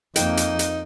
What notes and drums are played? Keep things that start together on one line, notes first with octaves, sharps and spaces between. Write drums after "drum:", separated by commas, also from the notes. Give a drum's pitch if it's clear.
F2 A#3 D#4 C5 G5, drum: hi-hat
drum: hi-hat
drum: hi-hat